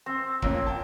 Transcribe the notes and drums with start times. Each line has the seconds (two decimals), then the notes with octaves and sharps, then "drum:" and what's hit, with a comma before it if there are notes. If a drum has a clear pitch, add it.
0.06 C4 E6
0.42 F2 A#3 C#4, drum: kick
0.67 G5 A5